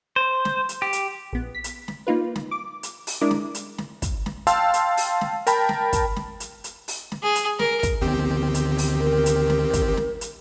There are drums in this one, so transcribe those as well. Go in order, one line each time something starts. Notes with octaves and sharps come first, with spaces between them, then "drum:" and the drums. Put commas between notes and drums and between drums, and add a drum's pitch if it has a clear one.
C5
drum: snare
drum: hi-hat
G4
drum: hi-hat
A#1 B3
B6
drum: hi-hat
drum: snare
A#3 D#4 F4 B4
drum: snare
D6
drum: hi-hat
drum: open hi-hat
G#3 D4 E4 A#4 D6
drum: snare
drum: hi-hat
drum: snare
drum: kick, hi-hat
drum: snare
F5 G5 A5 C6 E6, drum: hi-hat
drum: hi-hat
drum: open hi-hat
drum: snare
A#4 G5 A5 B5, drum: hi-hat
drum: snare
drum: kick, hi-hat
drum: snare
drum: hi-hat
drum: hi-hat
drum: open hi-hat
drum: snare
G#4
drum: hi-hat
A#4, drum: snare
drum: kick, hi-hat
D2 D#3 B3 C4 G4
drum: hi-hat
drum: open hi-hat
A#4
drum: hi-hat
drum: snare
drum: kick, hi-hat
drum: snare
drum: hi-hat